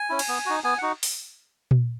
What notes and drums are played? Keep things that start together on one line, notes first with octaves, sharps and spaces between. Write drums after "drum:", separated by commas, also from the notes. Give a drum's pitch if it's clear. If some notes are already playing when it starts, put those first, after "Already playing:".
Already playing: G#5
C#4 E4
drum: cymbal
B3
D#4 F#4
B3 G#5
D#4 F#4 F#5
drum: open hi-hat
drum: tom A#2